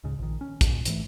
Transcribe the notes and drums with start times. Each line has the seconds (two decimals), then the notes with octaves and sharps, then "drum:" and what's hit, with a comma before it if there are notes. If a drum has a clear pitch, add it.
0.03 C#2 G#2 C#3
0.19 A#1 D#3
0.41 C#4
0.61 drum: kick, hi-hat
0.71 A#2
0.85 G#2 E3 A3, drum: hi-hat